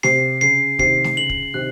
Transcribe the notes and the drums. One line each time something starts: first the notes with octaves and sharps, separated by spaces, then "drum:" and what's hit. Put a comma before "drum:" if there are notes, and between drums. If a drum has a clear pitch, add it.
C3 C7, drum: snare A3
C#3 C7
C3 D#3 C7, drum: kick
drum: snare A3
C#3 F#7
drum: kick
C3 D#3 F#6